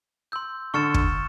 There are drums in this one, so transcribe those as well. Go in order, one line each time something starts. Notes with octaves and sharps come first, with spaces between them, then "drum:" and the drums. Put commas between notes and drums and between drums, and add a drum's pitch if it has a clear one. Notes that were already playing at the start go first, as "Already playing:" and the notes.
C6 E6 G6
D3 C#6 F6 A6 C#7 E7
drum: kick